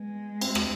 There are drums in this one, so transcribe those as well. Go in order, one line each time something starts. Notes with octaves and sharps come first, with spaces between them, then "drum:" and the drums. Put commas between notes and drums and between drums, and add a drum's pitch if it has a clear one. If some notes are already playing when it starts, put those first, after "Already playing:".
Already playing: G#3 B3
C4, drum: cymbal
drum: rim click